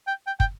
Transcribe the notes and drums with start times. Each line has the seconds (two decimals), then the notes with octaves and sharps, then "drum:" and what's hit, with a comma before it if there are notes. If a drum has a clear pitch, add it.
0.07 G5
0.27 G5
0.40 G5, drum: kick